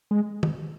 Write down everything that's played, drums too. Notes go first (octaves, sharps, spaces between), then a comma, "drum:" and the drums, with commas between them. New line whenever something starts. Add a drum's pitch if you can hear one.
G#3
drum: tom